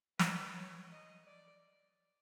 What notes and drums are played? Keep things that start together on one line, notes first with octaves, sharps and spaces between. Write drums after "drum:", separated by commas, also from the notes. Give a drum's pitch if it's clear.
B4, drum: snare
C#5
D#5
D5